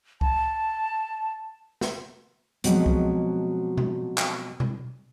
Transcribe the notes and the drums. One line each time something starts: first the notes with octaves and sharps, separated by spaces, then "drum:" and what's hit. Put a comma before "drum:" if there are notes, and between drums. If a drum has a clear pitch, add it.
A5, drum: kick C2
drum: snare
B2 F3 F#3 G#3 C4, drum: hi-hat
drum: kick C2
drum: tom B2
drum: clap
drum: tom B2